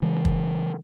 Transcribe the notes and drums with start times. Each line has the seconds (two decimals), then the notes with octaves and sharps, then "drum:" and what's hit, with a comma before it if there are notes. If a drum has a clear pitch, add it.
0.02 C#3 E3 G#3
0.25 drum: kick